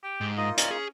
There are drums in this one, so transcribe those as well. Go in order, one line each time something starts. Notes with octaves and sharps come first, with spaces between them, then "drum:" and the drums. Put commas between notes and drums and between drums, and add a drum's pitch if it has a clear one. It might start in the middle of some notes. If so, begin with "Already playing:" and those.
G4 G5
G#2
A#3 D#4 F4 D#5
C#4 D5 D#5, drum: hi-hat
G#4